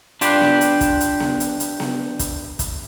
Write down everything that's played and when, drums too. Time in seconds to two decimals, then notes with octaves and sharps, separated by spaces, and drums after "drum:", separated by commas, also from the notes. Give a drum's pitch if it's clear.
0.21 D4 F4 G4 B4, drum: hi-hat
0.41 drum: snare B3
0.61 drum: hi-hat
0.81 drum: kick, hi-hat
1.01 drum: hi-hat
1.20 drum: snare B3
1.40 drum: hi-hat
1.60 drum: hi-hat
1.80 drum: snare B3
2.19 drum: kick, hi-hat
2.59 drum: kick, hi-hat